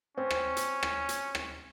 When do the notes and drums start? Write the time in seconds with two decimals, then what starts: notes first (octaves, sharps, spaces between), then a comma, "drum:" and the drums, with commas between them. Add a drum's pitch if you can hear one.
0.17 C4 C#4
0.31 drum: rim click
0.57 drum: hi-hat
0.83 drum: rim click
1.09 drum: hi-hat
1.35 drum: rim click